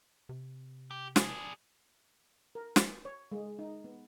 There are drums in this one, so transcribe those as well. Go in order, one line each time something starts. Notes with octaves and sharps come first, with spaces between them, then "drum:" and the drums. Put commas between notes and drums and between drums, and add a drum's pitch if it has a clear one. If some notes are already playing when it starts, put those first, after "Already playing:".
C3
G4
D4 G#4, drum: snare
A#4
drum: snare
C#5
G#3
D#4
B3